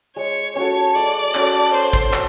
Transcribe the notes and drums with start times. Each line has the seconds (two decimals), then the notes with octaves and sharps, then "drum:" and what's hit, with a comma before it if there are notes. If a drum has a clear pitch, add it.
0.16 G#3 C#5
0.56 C#4 F#4 A4 C#5
0.95 G#3 D5
1.35 C#4 F#4 A4, drum: clap
1.73 C#4 C5
1.93 drum: kick
2.13 B4, drum: clap